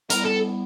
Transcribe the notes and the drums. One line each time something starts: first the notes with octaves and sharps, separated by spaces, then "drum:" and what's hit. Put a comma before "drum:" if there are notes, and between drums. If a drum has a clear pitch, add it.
G3 B3 E4 A#4, drum: hi-hat
A4